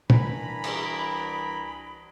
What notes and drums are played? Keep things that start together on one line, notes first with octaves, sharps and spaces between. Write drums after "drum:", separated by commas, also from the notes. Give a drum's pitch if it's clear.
C2 E3 D4 G#5 A#5 B5, drum: tom
drum: cymbal